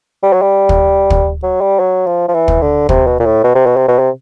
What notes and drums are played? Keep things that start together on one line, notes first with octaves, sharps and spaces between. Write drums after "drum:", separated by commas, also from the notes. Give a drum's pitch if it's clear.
G3
F#3
G3
drum: kick
drum: kick
F#3
G3
F#3
F3
F3
E3
drum: kick
D3
C3, drum: kick
B2
A#2
A2
B2
C3
B2
C3
B2
C3